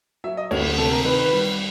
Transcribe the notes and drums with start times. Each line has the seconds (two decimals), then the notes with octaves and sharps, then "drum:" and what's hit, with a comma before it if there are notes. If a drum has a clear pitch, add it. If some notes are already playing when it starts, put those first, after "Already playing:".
0.24 F#3 E5
0.37 D#5
0.51 D2 C#5, drum: cymbal
0.78 C3 A4
0.92 A#4
1.05 D#3 B4
1.19 B4
1.33 G3